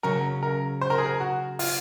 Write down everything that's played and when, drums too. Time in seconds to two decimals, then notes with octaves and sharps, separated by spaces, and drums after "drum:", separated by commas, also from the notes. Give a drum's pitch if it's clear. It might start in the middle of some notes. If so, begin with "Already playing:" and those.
0.03 C#3 F#3 C#4 A#4
0.43 A#4
0.81 C5
0.90 A#4
0.98 G#4
1.06 A#4
1.20 F#4
1.59 F4, drum: open hi-hat